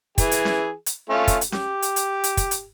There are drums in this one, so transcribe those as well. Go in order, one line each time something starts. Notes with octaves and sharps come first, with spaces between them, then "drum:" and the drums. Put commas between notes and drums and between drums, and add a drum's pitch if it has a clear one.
E3 G#4, drum: kick, hi-hat
drum: hi-hat
drum: snare C#4
drum: hi-hat
A3 C#4 F4
drum: kick, hi-hat
drum: hi-hat
G4, drum: snare C#4
drum: hi-hat
drum: hi-hat
drum: hi-hat
drum: kick, hi-hat
drum: hi-hat